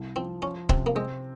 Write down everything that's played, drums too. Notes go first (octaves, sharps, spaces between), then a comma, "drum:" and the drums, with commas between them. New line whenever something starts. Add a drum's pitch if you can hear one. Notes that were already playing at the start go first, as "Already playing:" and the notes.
Already playing: C2
F3 C4
F3 C#4
C3 C4, drum: kick
A#3
G#3 C4